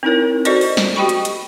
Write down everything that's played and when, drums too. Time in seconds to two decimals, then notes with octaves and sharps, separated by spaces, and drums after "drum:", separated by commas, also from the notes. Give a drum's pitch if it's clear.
0.03 C4 D#4 E4 A#4 C#5
0.45 F#4 A4 C5 D5 D#5, drum: hi-hat
0.61 drum: open hi-hat
0.77 drum: snare
0.96 F#4 G4 D#5 G5 B5 C#6
1.09 drum: hi-hat
1.25 drum: hi-hat